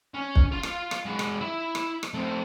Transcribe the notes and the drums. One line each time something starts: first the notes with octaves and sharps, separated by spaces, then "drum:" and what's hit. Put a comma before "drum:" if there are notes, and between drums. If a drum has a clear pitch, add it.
C#4
drum: kick
F4 F5
drum: rim click
drum: rim click
G#3 F#4
drum: rim click
E4 E5
drum: rim click
drum: rim click
A3 C4